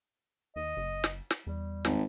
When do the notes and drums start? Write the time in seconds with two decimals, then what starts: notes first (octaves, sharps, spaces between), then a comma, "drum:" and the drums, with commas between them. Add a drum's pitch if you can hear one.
0.56 D#2 D#5
0.77 F#1
1.04 drum: snare
1.30 drum: snare
1.47 E2 G3
1.85 G#1, drum: snare